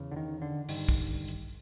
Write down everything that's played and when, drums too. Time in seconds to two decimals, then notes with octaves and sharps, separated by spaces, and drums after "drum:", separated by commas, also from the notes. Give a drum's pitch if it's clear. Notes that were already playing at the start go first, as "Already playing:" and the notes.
Already playing: E2 C#3
0.12 D3
0.16 D#3
0.42 D3
0.69 G2 D3 D#3, drum: open hi-hat
0.89 drum: kick
1.28 drum: hi-hat